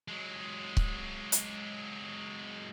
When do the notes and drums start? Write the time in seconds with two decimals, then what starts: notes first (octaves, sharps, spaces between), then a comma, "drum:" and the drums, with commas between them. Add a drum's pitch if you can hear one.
0.08 F#3 G#3
0.77 drum: kick C#1
1.32 drum: hi-hat